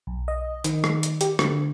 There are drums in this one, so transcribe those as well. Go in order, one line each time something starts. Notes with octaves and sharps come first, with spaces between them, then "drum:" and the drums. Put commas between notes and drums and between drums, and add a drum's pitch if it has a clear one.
B1
D#5
D#3, drum: hi-hat
drum: rim click
drum: hi-hat
G4, drum: hi-hat
D3, drum: rim click